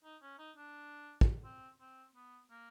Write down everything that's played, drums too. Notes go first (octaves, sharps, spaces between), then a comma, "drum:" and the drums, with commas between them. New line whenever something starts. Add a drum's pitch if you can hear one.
D#4
C#4
D#4
D4
drum: kick
C4
C4
B3
A#3